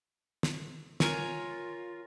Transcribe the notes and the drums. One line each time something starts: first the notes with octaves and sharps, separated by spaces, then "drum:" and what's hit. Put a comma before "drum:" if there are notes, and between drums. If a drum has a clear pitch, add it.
drum: snare
F4 A#4 C#5 G#5, drum: snare